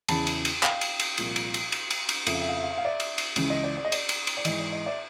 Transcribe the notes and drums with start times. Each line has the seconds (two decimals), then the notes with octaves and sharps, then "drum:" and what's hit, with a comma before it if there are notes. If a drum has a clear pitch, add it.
0.08 E2 C#3 E3 A5 B5, drum: cymbal
0.27 drum: cymbal
0.45 drum: cymbal
0.63 F5 G5, drum: clap
0.81 drum: cymbal
1.00 drum: cymbal
1.18 C2 A#2 F3, drum: cymbal
1.36 drum: cymbal
1.54 drum: cymbal
1.72 drum: cymbal
1.91 drum: cymbal
2.09 drum: cymbal
2.27 F2 C#3 F3 E5, drum: cymbal
2.34 F5
2.41 E5
2.49 F5
2.56 E5
2.63 F5
2.71 E5
2.78 F5
2.85 D5 E5
3.00 drum: cymbal
3.18 drum: cymbal
3.36 C#2 C#3 E3, drum: cymbal
3.50 D#5
3.64 D5
3.77 D5
3.85 D#5
3.92 D5, drum: cymbal
4.09 drum: cymbal
4.27 drum: cymbal
4.37 D5
4.45 G#2 E3 D#5, drum: cymbal
4.59 D5
4.72 D#5
4.86 D5 E5